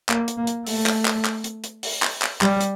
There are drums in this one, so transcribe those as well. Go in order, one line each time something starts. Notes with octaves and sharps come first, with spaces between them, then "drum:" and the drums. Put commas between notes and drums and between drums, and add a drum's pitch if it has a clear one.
A#3, drum: clap
drum: hi-hat
A#3
drum: hi-hat
A3, drum: open hi-hat
drum: clap
drum: clap
drum: clap
drum: hi-hat
drum: hi-hat
drum: open hi-hat
drum: clap
drum: clap
G3, drum: clap
drum: hi-hat